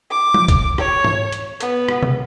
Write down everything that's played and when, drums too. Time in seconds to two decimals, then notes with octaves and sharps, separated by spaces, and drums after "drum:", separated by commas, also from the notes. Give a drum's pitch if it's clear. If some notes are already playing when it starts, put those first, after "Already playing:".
0.11 D6
0.34 drum: tom F3
0.48 drum: kick, hi-hat
0.78 C#5, drum: rim click
1.04 drum: tom G#2
1.32 drum: hi-hat
1.60 B3, drum: hi-hat
1.89 drum: rim click
2.03 drum: tom B2